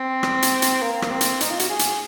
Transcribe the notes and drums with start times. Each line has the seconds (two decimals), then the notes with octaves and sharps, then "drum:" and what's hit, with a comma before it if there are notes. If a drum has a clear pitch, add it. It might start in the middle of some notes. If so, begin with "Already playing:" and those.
Already playing: C4
0.23 drum: rim click
0.42 drum: hi-hat
0.62 drum: hi-hat
0.82 A#3
1.02 A#3, drum: rim click
1.11 C4
1.21 drum: hi-hat
1.41 D#4, drum: hi-hat
1.51 F4
1.59 F#4, drum: hi-hat
1.70 G#4
1.79 drum: hi-hat